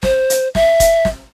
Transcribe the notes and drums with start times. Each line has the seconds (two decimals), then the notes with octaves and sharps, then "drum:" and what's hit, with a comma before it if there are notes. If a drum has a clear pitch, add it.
0.03 C5, drum: snare
0.30 drum: hi-hat
0.55 E5, drum: snare
0.80 drum: kick E1, hi-hat
1.05 drum: snare